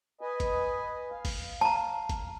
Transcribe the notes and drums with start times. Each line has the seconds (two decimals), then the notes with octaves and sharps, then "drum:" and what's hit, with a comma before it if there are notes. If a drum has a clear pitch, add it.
0.21 B4 D#5 G#5
0.40 drum: kick, hi-hat
1.11 F5
1.25 drum: kick, open hi-hat
1.61 A5 A#5
2.09 drum: kick, hi-hat